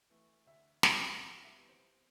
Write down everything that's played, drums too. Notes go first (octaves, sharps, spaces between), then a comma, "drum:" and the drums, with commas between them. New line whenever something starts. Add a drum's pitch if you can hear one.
E3 A3
D2 E5
D3 A3, drum: snare
C2 F#5
F#5
E5
C3 E3 G3 B3
C5